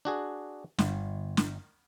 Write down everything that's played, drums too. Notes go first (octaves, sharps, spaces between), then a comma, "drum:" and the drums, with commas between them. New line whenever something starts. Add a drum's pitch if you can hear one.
D4 F#4 G#4
G1, drum: snare
drum: snare